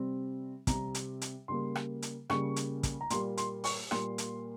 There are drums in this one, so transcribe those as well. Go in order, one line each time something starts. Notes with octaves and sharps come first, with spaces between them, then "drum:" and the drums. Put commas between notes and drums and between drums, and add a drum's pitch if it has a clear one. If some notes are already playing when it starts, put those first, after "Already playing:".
Already playing: C3 G3 C4
C3 G3 C4 A#5, drum: kick, hi-hat
drum: hi-hat
drum: hi-hat
C#3 G3 A#3 C6
drum: rim click
drum: hi-hat
C#3 G3 A#3 C#6, drum: rim click
drum: hi-hat
drum: kick, hi-hat
A#5
A#2 G3 A#3 C6, drum: hi-hat
C6, drum: hi-hat
C#6, drum: open hi-hat
A#2 G3 A#3 C6, drum: rim click
drum: hi-hat